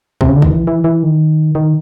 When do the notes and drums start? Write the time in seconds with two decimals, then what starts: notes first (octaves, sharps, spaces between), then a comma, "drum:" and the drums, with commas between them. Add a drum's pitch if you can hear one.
0.21 C3, drum: kick
0.28 C#3
0.36 D3
0.42 D#3, drum: kick
0.50 E3
0.67 E3
0.84 E3
1.03 D#3
1.55 D#3